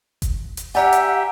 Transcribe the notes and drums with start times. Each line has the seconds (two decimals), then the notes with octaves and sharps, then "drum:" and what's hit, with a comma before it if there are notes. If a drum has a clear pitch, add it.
0.22 drum: kick F#1, hi-hat
0.57 drum: hi-hat
0.75 G4 D5 E5 F#5 G#5 A#5 E6
0.93 drum: hi-hat